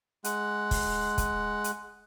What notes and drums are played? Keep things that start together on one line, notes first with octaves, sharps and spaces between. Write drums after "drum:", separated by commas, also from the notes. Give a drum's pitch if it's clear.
G#3 F#5, drum: hi-hat
drum: kick, open hi-hat
drum: kick, hi-hat
drum: hi-hat